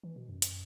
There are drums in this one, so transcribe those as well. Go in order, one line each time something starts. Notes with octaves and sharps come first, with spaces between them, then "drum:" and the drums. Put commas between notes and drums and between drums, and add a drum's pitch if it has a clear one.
E3
B2
F#2
drum: hi-hat